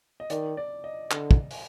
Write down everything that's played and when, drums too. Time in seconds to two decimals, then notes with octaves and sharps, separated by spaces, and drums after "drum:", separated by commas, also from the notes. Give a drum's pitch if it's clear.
0.20 D#5
0.30 D#3 D5, drum: hi-hat
0.57 D5
0.84 D#5
1.11 D3, drum: clap
1.31 drum: kick
1.51 drum: open hi-hat